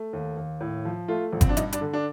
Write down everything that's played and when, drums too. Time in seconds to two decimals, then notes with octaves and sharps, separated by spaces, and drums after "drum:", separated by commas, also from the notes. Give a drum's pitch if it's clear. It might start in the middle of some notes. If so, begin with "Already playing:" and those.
Already playing: A3
0.13 D#2
0.37 D#2
0.61 A2
0.85 F3
1.08 A3 F4
1.33 A#1
1.41 C4, drum: kick G1, hi-hat
1.49 D4
1.57 G2 D#4, drum: hi-hat
1.73 D4, drum: hi-hat
1.81 D3
1.93 D4